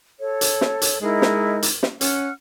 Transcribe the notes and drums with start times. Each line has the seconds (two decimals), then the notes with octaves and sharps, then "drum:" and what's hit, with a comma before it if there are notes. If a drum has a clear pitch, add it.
0.19 A4 C#5
0.41 drum: hi-hat
0.61 drum: snare
0.82 drum: hi-hat
1.02 G#3 D#4 E4 A#4
1.22 drum: snare
1.62 drum: hi-hat
1.83 drum: snare
2.01 C#4 F#5 F6, drum: hi-hat